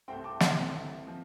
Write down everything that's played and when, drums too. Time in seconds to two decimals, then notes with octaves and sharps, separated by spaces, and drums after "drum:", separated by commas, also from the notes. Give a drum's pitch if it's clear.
0.08 C2 C3 A3 C4 G5 C6
0.24 A5 D6
0.40 G5 C6, drum: snare
0.57 C2 C3 A3 C4
1.07 F3 C4